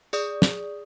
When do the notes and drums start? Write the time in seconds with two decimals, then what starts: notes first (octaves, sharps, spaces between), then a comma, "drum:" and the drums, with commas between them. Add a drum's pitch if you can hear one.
0.13 G#4 D5 D#6, drum: tambourine
0.42 drum: snare